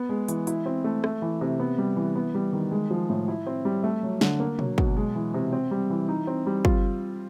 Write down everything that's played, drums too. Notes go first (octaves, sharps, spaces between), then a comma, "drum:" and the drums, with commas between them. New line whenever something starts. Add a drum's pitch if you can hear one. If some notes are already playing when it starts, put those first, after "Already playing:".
Already playing: B3
G#3
E3, drum: hi-hat
E4, drum: hi-hat
C4
A3
A3, drum: rim click
E3
C3
B3
G3
E3
B3
G3
D#3
G#3
F3
A2
E4
C4
G3
A3
F#3
D3, drum: snare
A#3
F#3, drum: tom B2
B2, drum: kick
G#3
E3
C3
C4
G3
E3
D#4
C4
G3
F4, drum: kick